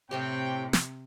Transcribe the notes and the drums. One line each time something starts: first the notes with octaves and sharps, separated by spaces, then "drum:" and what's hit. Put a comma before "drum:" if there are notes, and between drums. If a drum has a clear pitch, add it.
A2 C3 C4 G4 C#5 G5
drum: snare